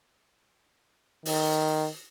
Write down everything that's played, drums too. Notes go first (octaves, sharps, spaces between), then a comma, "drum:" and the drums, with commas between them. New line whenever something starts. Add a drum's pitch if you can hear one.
D#3, drum: open hi-hat